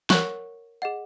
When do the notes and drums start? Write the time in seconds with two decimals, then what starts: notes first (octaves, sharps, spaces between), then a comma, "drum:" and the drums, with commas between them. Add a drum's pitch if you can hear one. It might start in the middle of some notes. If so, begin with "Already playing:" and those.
0.10 A#4 C#5 F#5 C#6 F#6, drum: snare
0.82 G#4 D#5 F#5